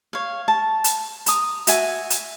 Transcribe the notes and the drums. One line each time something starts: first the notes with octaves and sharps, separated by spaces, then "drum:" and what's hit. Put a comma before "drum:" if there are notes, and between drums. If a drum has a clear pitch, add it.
C#5 F5
A5
drum: hi-hat
A#5 D#6, drum: hi-hat
F#4 E5 G#5, drum: hi-hat
drum: hi-hat